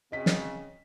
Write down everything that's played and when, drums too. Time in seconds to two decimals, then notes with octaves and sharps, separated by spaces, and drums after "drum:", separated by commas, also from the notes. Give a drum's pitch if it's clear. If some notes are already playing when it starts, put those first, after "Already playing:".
0.12 C#3 C4 D#5 B6
0.26 drum: snare